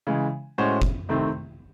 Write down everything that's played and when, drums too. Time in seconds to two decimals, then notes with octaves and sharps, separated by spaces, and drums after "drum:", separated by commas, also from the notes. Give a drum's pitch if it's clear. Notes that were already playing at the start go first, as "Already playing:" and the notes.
0.07 C#3 E3 G#3
0.58 A2 G#3 C#4 F#4 C5
0.82 drum: kick F#1
1.09 C2 C3 D#3 A3 C4